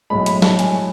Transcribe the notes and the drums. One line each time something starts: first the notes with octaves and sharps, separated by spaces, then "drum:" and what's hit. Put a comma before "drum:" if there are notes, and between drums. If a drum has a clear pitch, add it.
B1 A2 G#3 B5
B5, drum: hi-hat
A5, drum: snare
G#5, drum: hi-hat